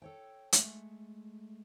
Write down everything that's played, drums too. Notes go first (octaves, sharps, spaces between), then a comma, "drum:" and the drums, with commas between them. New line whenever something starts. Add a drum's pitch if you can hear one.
A4 C#5 G5
G#3 A3, drum: hi-hat